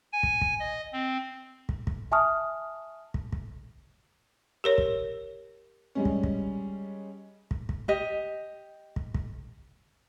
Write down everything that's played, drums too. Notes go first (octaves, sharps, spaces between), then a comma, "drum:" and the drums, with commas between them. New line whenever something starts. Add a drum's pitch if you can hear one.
G#5
drum: kick
drum: kick
D#5
C4
drum: kick
drum: kick
E5 G#5 A5 C#6 D#6 F6
drum: kick
drum: kick
G4 A#4 C#5
drum: kick
G3 G#3 C#4
drum: kick
drum: kick
drum: kick
drum: kick
G4 D#5
drum: kick
drum: kick